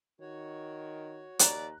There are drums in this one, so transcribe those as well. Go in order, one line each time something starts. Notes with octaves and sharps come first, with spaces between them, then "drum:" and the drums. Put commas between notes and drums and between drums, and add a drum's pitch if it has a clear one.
D#3 F#4 C#5
D#2 D5 A#5 F#6, drum: hi-hat